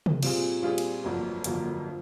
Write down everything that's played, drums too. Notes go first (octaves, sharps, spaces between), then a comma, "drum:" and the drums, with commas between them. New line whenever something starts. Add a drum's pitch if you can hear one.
drum: tom
A#2 G3 C4 F4 G#4, drum: cymbal
A#2 G3 C4 F4 G#4
drum: cymbal
G1 F2 D3 F#3 A#3
G1 F2 D3 F#3 A#3, drum: hi-hat
F3